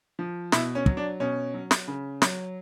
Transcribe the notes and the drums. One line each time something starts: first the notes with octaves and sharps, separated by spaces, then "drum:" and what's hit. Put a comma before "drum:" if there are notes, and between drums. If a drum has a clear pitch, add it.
F3
B2 E4, drum: snare
C#4
F#3, drum: kick
D4
B2 C#4
F#3
drum: snare
C#3
F#3, drum: snare